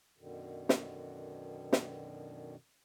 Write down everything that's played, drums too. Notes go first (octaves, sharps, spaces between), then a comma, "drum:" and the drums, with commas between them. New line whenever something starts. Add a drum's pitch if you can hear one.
F#2 B2 D3 D#3
drum: snare
drum: snare